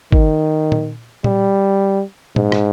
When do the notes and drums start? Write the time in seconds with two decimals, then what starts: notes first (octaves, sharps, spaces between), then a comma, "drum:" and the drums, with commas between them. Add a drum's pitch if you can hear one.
0.12 D#3, drum: kick
0.72 drum: tom A#2
1.24 G3, drum: tom A#2
2.36 G#2, drum: tom A#2
2.52 drum: rim click